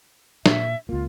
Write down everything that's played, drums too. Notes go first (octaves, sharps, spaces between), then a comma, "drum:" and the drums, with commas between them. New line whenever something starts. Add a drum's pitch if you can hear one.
A#2 E5, drum: snare
C#2 A#3 F4